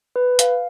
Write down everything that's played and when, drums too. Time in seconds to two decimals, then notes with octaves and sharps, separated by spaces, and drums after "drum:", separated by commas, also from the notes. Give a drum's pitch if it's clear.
0.16 B4
0.39 F5, drum: hi-hat